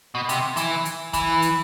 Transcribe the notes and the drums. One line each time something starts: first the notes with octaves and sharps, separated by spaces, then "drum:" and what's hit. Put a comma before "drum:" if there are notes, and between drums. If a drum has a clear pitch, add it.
B2
C3, drum: hi-hat
E3, drum: hi-hat
drum: hi-hat
E3, drum: kick, hi-hat
drum: hi-hat